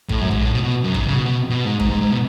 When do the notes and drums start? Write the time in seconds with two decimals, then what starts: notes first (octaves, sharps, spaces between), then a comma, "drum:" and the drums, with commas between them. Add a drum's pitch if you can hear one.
0.09 A2, drum: kick G1
0.21 F#2
0.31 G#2, drum: tom A#1
0.41 A2
0.52 B2
0.63 B2
0.84 F#2
0.94 G#2, drum: kick G1
1.05 C#3
1.15 B2
1.26 B2
1.50 B2
1.65 G#2
1.80 G#2, drum: kick G1
1.90 G#2
2.01 G#2
2.11 B2